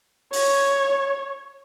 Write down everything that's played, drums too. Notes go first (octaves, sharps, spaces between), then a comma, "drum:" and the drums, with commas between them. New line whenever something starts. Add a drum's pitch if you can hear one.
C#5, drum: open hi-hat